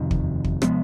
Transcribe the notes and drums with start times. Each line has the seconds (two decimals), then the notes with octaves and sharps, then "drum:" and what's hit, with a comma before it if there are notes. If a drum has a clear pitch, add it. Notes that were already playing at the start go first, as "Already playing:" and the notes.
Already playing: F2 C3 D#3
0.11 drum: kick
0.44 drum: kick
0.62 C3 F3 G#3 B3, drum: rim click